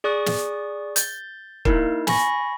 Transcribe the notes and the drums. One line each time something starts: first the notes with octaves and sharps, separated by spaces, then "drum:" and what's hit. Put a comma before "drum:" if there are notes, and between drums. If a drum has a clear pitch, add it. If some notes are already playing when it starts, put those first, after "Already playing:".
G#4 D5 C#6 D#6 F#6
drum: snare
G6 A6, drum: hi-hat
A#3 D#4 E4 A#4, drum: kick
G#5 B5 C#6 A#6, drum: snare